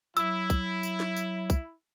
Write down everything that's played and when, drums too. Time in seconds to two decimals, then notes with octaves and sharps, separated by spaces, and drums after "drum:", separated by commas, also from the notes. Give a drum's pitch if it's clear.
0.17 F#3 E4 E6, drum: tambourine
0.50 drum: kick, tambourine
0.83 drum: tambourine
1.00 drum: snare
1.16 drum: tambourine
1.50 drum: kick, tambourine